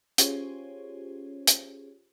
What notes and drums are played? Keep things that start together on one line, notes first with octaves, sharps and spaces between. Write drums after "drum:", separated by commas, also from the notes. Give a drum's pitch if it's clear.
C#4 F4 G4 G#4 C5 C#5, drum: hi-hat
drum: hi-hat